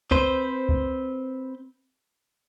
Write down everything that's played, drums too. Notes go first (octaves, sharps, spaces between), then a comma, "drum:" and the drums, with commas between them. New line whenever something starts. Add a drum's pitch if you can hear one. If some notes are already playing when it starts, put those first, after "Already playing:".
C4 B4 C5, drum: kick C#2
drum: kick C#2